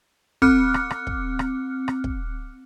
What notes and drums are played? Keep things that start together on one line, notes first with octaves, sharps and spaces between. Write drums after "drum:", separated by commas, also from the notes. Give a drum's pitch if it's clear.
C4 D6 F6 F#6 C#7, drum: kick
drum: rim click
drum: rim click
drum: kick
drum: rim click
drum: rim click
drum: kick